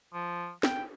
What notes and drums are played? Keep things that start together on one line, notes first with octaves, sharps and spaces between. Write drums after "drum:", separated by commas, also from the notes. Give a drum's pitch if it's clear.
F3
G5, drum: snare